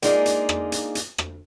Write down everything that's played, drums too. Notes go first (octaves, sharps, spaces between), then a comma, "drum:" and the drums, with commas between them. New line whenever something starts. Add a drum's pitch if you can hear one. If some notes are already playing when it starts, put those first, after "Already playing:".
G#3 A#3 D4 D#4 F4 G#4, drum: hi-hat
drum: hi-hat
drum: rim click
drum: hi-hat
drum: hi-hat
drum: rim click